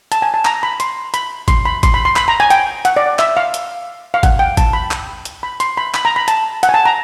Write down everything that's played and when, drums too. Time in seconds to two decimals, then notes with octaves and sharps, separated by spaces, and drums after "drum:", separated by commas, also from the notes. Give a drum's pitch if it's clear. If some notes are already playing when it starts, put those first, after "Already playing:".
0.12 A5, drum: hi-hat
0.22 G#5
0.34 A5
0.45 A#5, drum: clap
0.63 B5
0.80 C6, drum: hi-hat
1.14 B5, drum: hi-hat
1.48 C6, drum: kick G#1, hi-hat
1.65 B5
1.83 C6, drum: kick G#1, hi-hat
1.94 B5
2.05 C6
2.16 B5, drum: clap
2.28 A#5
2.40 G#5
2.50 G5, drum: hi-hat
2.85 F#5, drum: hi-hat
2.97 D5
3.19 E5, drum: clap
3.37 F5
3.54 drum: hi-hat
4.14 F5
4.23 F#5, drum: kick G#1, hi-hat
4.39 G5
4.57 A5, drum: kick G#1, hi-hat
4.73 B5
4.91 drum: clap
5.25 drum: hi-hat
5.43 B5
5.60 C6, drum: hi-hat
5.77 B5
5.94 B5, drum: clap
6.05 A#5
6.16 B5
6.28 A5, drum: hi-hat
6.63 F#5, drum: hi-hat
6.69 G#5
6.74 A5
6.85 A#5